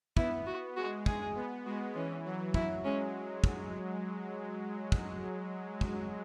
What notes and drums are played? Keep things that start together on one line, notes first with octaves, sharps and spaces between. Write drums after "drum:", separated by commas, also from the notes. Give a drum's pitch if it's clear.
B3 E4, drum: kick
F#4
G#3 F#4
G#4, drum: kick
B3
G#3 F#4
E3 C#4
F#3
E4, drum: kick
G#3 C#4
drum: kick
drum: kick
drum: kick